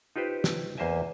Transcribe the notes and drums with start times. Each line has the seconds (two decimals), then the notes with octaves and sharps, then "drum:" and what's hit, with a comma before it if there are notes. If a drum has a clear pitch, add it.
0.16 D#4 F4 G4 B4 C5
0.44 drum: snare
0.78 E2 A#3 C5 D#5 E5 G#5